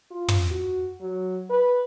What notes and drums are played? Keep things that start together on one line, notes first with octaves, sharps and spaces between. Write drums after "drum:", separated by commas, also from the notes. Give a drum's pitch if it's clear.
F4
drum: tom
F#4
F#3
B4